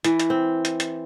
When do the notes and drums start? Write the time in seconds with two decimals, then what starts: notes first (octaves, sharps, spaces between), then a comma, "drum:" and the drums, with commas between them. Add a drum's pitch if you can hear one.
0.04 E3, drum: hi-hat
0.20 drum: hi-hat
0.30 C4
0.65 drum: hi-hat
0.80 drum: hi-hat